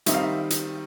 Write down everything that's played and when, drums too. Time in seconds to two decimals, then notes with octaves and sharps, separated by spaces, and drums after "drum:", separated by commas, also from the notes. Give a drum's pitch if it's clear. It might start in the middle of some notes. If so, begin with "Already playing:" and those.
0.06 D#3 G3 C4 D#4 E5, drum: hi-hat
0.14 F5
0.22 E5
0.50 drum: hi-hat